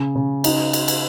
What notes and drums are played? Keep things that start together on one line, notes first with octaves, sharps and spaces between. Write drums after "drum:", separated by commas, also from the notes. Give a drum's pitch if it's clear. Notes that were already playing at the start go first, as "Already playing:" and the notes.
Already playing: C#3
C#3
D#4, drum: cymbal
drum: cymbal
drum: cymbal